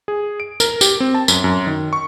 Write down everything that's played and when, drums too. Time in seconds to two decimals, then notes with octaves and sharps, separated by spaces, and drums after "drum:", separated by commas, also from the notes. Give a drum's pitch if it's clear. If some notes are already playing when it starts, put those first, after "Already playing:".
0.08 G#4
0.40 D7
0.60 A#4, drum: tambourine
0.81 G4, drum: tambourine
1.00 C4
1.14 A5
1.28 F#2, drum: tambourine
1.44 F#2
1.67 D#3
1.93 C#6